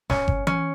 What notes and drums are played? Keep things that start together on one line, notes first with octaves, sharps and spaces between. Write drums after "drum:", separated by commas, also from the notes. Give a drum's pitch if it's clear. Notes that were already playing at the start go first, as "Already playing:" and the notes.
C#4, drum: snare
drum: kick G1
C#4, drum: tom E3